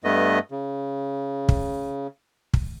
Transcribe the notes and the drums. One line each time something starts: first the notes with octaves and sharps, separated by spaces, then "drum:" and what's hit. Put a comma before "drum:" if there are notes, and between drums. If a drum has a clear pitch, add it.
G2 A3 B3 D#5
C#3
drum: kick
drum: kick